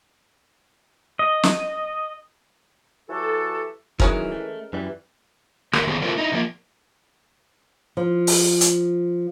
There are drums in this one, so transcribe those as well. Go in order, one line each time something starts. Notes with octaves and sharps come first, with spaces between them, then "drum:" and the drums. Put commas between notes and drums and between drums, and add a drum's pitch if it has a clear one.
D#5
drum: snare
E3 F#3 F#4 G4 A4
D#3 E3 F#3 G#3 C#4 A#4, drum: kick
A3
F#2 E3 G3
D#3 A3 G4 A#4, drum: rim click
D#3 E3 A3 B3 G#4 C5
A3 C4 F4 A#4 C5
D#4 E4
D3 F3 A#3
F3
drum: open hi-hat
drum: hi-hat